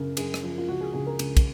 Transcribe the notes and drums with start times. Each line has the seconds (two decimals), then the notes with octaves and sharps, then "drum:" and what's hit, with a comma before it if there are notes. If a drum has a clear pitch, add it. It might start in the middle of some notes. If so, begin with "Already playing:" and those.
Already playing: F#2 C#3 A#4
0.17 F#2 G#4, drum: cymbal
0.34 drum: rim click
0.43 F3
0.58 F4
0.68 C#2 F#4
0.81 G#4
0.94 C#3 G#4
1.06 A#4
1.19 C#2, drum: cymbal
1.37 drum: kick, cymbal